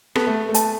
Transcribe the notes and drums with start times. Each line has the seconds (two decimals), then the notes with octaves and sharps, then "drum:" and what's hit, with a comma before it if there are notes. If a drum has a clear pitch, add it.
0.15 B3 A4, drum: rim click
0.27 A3
0.49 A3
0.54 A5, drum: hi-hat